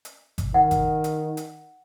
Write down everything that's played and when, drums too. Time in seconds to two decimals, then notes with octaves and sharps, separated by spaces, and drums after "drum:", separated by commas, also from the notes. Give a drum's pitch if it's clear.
0.05 drum: hi-hat
0.38 drum: kick G#1, hi-hat
0.54 D#3 F#5
0.71 drum: kick G#1, hi-hat
1.04 drum: hi-hat
1.37 drum: hi-hat